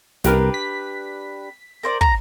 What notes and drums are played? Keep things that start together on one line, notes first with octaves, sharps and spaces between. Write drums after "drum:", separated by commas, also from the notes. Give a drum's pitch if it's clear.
C2 D4 G4 A#4 B4, drum: snare
B6
A#4 C5 D5
A#5, drum: kick